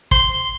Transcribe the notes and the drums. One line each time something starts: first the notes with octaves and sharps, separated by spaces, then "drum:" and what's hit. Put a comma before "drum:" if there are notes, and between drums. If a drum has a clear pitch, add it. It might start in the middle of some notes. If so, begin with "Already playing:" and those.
C6, drum: kick